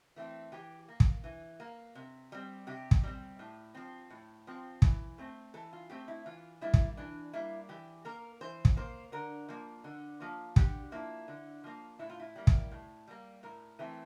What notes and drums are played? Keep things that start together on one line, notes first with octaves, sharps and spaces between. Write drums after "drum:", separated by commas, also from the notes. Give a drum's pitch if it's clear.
E3 A3 C4
E3 G4
A#3
drum: kick
E3
A#3
C3
G3 C4
C3 G4
drum: kick
G3 C4
A2
F3 C4
A2
F3 C4
E3, drum: kick
A3 C4
E3 A4
F4
A3 C4 G4
E4
E3 F4
G3 A#3 E4
drum: kick
E3 D4
G3 A#3 E4
E3 G4
A#3 A#4
E3 C5
drum: kick
A#3 C5
D3 A#4
F3 A#3
D3
F3 A#3
D3 G4, drum: kick
F3 A#3 E4
D3
F3 A#3
A2 E4
F4
E4
G3 A#3
drum: kick
A2
G3 A#3
A2 A#4
E3 A3 C4